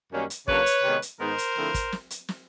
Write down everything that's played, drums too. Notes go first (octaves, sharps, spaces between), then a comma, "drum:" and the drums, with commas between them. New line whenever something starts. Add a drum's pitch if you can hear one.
F#2 D#3 G3 A#3 C#4
drum: hi-hat
C#3 F#3 A#3 D4 B4 C#5, drum: kick
drum: hi-hat
C3 D#3 G#3 B3
drum: hi-hat
G#2 D#3 G#3 B3 D#4 A#4 C5
drum: hi-hat
D3 F3 A3 C4 E4
drum: kick, hi-hat
drum: snare
drum: hi-hat
drum: snare